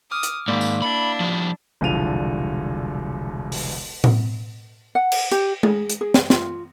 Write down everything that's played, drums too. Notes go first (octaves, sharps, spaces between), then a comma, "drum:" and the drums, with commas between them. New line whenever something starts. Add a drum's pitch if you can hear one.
D6 D#6 F6
drum: hi-hat
G#2 D#3 A#3 D5 B5 D6
drum: tambourine
D4 E4 B5
F3 G3
E1 C2 D3 F3 D#7 F7
drum: open hi-hat
drum: tom A2
F#5
drum: cymbal
G4, drum: hi-hat
G#4, drum: tom G#3
drum: hi-hat
G#4
drum: snare
F4, drum: snare